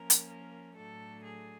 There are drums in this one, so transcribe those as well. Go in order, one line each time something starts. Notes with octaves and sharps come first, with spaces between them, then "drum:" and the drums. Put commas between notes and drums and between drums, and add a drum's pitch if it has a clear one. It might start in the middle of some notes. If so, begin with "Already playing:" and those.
Already playing: F3 A#3 C#4 A#4
drum: hi-hat
A#4
A2 F#3 A3 D4 A4
G#4